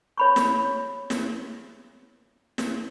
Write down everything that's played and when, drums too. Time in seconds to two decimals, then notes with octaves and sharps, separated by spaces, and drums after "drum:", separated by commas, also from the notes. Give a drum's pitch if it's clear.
0.18 C#5 B5 C#6
0.36 drum: snare
1.10 drum: snare
2.58 drum: snare